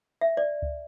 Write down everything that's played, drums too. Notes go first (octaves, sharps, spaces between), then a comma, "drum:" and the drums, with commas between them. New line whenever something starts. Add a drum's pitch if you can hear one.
E5
D5
drum: kick C#2